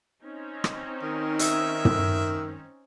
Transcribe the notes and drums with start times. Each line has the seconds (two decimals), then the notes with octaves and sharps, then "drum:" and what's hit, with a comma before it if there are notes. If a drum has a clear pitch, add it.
0.23 C4 C#4 D#4
0.64 drum: rim click
1.02 D#3
1.39 E5 E6, drum: hi-hat
1.85 drum: tom